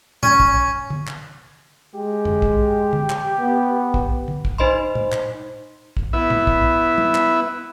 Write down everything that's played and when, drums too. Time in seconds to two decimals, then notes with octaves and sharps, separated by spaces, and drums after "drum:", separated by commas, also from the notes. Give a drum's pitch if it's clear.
0.23 C#4, drum: tom
0.40 drum: kick
0.90 drum: tom
1.07 drum: clap
1.95 G#3 G4
2.25 drum: tom
2.42 drum: kick
2.93 drum: tom
3.10 drum: clap
3.39 B3
3.94 drum: kick
4.28 drum: tom
4.45 drum: kick
4.58 D#4 C5 D#5 B5 C6
4.95 drum: tom
5.12 drum: clap
5.97 drum: kick
6.13 B3 E4 E5
6.30 drum: tom
6.47 drum: kick
6.98 drum: tom
7.15 drum: clap